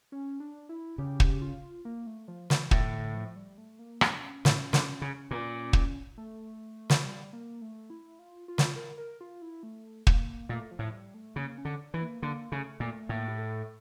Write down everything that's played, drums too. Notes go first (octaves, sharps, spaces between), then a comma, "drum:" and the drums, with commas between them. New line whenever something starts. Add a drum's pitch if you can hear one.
C#4
D4
E4
C#3 G4
drum: kick
F4
A#3
A3
F3
E3, drum: snare
A2 D3, drum: kick
D3
F3
G3
A3
A#3
D4, drum: rim click
C#4
A2, drum: snare
D3, drum: snare
C#3
A#2
drum: kick
A3
drum: snare
G3
A#3
A3
E4
F4
F4
drum: snare
A#4
A#4
F4
E4
A3
A#3, drum: kick
A#2 A3
F3
A2
G3
A3
C#3 A#3
C#4
D3
D4
E3
A#3
D3 A#3
C#3 A3
A#2 A3
A2 A#3
G4
A4